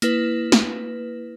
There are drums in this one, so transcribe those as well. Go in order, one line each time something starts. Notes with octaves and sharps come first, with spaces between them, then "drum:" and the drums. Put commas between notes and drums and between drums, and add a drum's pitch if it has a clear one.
A#3 E4 B4, drum: hi-hat
drum: snare